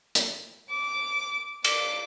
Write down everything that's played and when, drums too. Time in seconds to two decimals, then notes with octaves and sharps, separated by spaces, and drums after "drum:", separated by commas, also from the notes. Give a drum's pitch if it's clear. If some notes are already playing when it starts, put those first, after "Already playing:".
0.15 drum: hi-hat
0.71 D6
1.64 D6, drum: cymbal